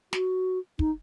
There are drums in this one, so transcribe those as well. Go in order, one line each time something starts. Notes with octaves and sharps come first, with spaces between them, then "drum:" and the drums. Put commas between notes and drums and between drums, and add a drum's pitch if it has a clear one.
F#4, drum: snare
D#4, drum: kick